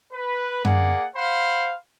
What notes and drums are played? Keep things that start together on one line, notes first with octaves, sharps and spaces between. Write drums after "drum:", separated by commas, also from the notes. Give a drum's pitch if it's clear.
B4
A#3 G#4 D5 F#5, drum: tom F#2
C5 F5 F#5 B5 C6